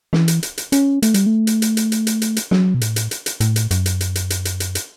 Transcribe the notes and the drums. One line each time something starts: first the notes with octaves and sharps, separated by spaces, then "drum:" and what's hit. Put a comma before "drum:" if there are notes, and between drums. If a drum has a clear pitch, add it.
E3, drum: snare
drum: hi-hat
drum: hi-hat
drum: hi-hat
C#4, drum: hi-hat
A3, drum: hi-hat
G3, drum: hi-hat
A3
drum: hi-hat
drum: hi-hat
drum: hi-hat
drum: hi-hat
drum: hi-hat
drum: hi-hat
drum: hi-hat
F#3, drum: snare
B2
A2, drum: hi-hat
drum: hi-hat
drum: hi-hat
drum: hi-hat
A2, drum: hi-hat
drum: hi-hat
F#2, drum: hi-hat
drum: hi-hat
drum: hi-hat
drum: hi-hat
drum: hi-hat
drum: hi-hat
drum: hi-hat
drum: hi-hat